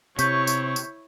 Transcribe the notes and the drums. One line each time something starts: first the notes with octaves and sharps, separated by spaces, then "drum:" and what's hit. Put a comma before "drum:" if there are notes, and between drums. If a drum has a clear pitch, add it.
C3 E4 C#5 C#6 G6 B6, drum: tambourine
drum: tambourine
drum: tambourine